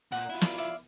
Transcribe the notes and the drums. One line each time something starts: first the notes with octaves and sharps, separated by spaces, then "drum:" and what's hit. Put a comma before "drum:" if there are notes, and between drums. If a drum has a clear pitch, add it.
A#2 F#5
E4 F4
A#4 D5, drum: snare
D5 E5 F5